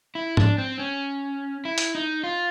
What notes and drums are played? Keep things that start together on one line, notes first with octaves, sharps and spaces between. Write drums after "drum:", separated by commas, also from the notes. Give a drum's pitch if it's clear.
E4
D4, drum: tom G#2
C4
C#4
E4
drum: hi-hat
D#4
F4